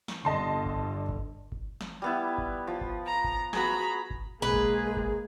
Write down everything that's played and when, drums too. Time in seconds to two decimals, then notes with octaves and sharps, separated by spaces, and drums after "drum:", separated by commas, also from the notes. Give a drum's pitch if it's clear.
0.08 drum: snare
0.25 G1 G2 D3 D#5 A5 C6
0.66 drum: kick G1
1.09 drum: kick G1
1.52 drum: kick G1
1.81 drum: snare
2.02 G3 B3 E4
2.38 drum: kick G1
2.67 F3
2.81 drum: kick G1
3.07 A#5
3.24 drum: kick G1
3.53 B3 F#4 G#4 A#5 B5, drum: snare
4.10 drum: kick G1
4.42 B1 G#3 A#3 G#4 B4
4.54 drum: kick G1
4.97 drum: kick G1